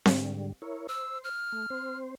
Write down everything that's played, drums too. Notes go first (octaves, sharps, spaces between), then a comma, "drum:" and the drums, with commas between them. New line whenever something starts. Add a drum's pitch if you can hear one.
G#2 D3 G3, drum: snare C4
E4 A#4 C#5
C5 E6
F6
A3
C4 C5